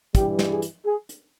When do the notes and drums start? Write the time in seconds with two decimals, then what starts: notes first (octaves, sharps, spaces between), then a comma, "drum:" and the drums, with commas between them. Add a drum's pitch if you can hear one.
0.15 G2 E3 G3 G4, drum: kick, hi-hat
0.39 drum: snare
0.50 G#4
0.62 drum: hi-hat
0.85 G#4
1.09 drum: hi-hat